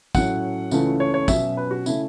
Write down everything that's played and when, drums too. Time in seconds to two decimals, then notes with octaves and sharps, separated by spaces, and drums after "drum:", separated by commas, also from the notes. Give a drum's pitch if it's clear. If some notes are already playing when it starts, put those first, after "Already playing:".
0.15 A2 F#3 A3 C#4 F#5, drum: kick, tambourine
0.71 C#2 C#3 E3 A3 C#4, drum: tambourine
1.00 C#5
1.14 C#5
1.28 B2 F#3 C#4 E5, drum: kick, tambourine
1.57 B4
1.71 F#4
1.86 C#3 A3 C#4 E4, drum: tambourine